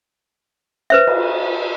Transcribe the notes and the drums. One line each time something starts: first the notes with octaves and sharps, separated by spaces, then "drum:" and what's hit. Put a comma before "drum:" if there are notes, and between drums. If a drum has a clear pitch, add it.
B4 C5 E5
drum: cymbal